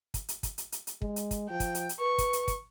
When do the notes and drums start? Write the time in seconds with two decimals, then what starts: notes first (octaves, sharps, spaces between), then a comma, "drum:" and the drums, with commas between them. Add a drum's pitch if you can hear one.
0.14 drum: kick, hi-hat
0.29 drum: hi-hat
0.43 drum: kick, hi-hat
0.58 drum: hi-hat
0.72 drum: hi-hat
0.87 drum: hi-hat
1.02 G#3, drum: kick
1.16 drum: hi-hat
1.31 drum: kick, hi-hat
1.50 F3 G5
1.60 drum: kick, hi-hat
1.75 drum: hi-hat
1.89 drum: hi-hat
1.99 B4 C#6
2.18 drum: kick, hi-hat
2.33 drum: hi-hat
2.48 drum: kick, hi-hat